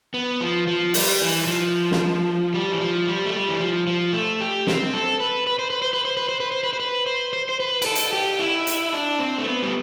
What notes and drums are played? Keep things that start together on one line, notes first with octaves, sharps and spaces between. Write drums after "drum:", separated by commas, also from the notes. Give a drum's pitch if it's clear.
B3
F3
F3
G3, drum: open hi-hat
E3
F3
drum: snare
G3
E3
F3
G3
A3
G3
E3
F3
F3
A3
G4
C4, drum: snare
A4
B4
B4
C5
B4
C5
B4
C5
B4
C5
B4
C5
B4
C5
B4
C5
C5
C5
B4
B4, drum: cymbal
A4
drum: hi-hat
G4
E4
drum: hi-hat
D4
C4
A3
B3
G3